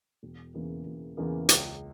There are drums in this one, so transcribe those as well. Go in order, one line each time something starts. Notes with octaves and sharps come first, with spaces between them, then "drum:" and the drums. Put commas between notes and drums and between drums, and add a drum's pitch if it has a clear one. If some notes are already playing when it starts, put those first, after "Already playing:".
E1
E2 C#3 E3 A#3
E1
E2 C#3 E3 A#3
C#2, drum: hi-hat